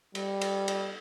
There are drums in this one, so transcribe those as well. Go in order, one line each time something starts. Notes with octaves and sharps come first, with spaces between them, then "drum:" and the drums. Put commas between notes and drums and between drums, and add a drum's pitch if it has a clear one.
G3, drum: cymbal
drum: cymbal
drum: cymbal